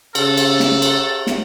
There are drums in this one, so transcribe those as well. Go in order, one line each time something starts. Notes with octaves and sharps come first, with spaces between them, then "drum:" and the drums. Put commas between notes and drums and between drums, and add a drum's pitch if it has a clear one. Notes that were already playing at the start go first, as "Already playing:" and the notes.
C#3 A4, drum: cymbal
drum: cymbal
drum: snare
drum: cymbal
drum: snare